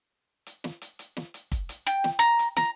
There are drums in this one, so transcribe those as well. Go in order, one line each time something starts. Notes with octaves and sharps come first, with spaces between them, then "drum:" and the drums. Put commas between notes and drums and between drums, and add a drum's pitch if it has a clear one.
drum: hi-hat
drum: snare
drum: hi-hat
drum: hi-hat
drum: snare
drum: hi-hat
drum: kick, hi-hat
drum: hi-hat
G5, drum: hi-hat
drum: snare
A#5, drum: hi-hat
drum: hi-hat
A#5, drum: snare